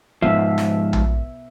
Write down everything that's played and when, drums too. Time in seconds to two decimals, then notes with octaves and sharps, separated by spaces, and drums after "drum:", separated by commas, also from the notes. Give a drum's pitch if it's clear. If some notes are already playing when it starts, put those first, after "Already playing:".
0.22 G#2 F3 B3 E5
0.58 drum: snare
0.93 drum: tom A#1